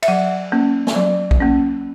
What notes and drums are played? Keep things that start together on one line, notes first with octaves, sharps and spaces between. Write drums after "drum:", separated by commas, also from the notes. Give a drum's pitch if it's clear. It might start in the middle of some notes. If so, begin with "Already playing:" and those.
E5, drum: cymbal
F#3 F#5
A#3 C#4
drum: snare
F#3
drum: kick
A#3 C#4